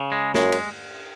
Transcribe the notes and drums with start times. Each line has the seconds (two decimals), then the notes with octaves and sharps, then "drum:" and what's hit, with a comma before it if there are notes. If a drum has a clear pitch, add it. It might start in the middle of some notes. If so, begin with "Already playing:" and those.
Already playing: C#3
0.12 G#3
0.34 F#2 G#3, drum: snare
0.52 drum: cymbal